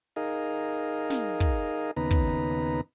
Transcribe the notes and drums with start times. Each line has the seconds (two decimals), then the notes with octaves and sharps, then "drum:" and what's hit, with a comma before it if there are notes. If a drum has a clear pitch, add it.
0.16 D#4 G#4 A#4 D#5 F5
1.10 drum: snare
1.40 drum: kick
1.96 D#2 C#3 B3 D#4 B4 A#5
2.11 drum: kick